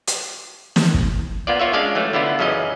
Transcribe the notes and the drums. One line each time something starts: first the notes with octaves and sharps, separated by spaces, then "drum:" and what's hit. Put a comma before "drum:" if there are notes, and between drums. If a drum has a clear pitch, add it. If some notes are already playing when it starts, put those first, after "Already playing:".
drum: hi-hat
drum: snare
drum: kick
A#3 B3 F4 D5
F4 C#5 E5
G#3 C#4 D4 D5 F5
E3 F#3 A3
D3 B3 E4 F4
F#2 C#3 E3 C#4 D#5